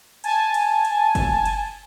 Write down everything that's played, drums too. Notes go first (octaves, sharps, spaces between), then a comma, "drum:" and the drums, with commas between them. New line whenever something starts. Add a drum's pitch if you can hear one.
G#5 A5, drum: cymbal
drum: cymbal
drum: cymbal
drum: kick, cymbal
drum: cymbal